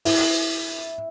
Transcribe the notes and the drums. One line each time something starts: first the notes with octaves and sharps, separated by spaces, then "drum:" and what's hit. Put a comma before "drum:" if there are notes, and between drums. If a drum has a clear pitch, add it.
E4, drum: open hi-hat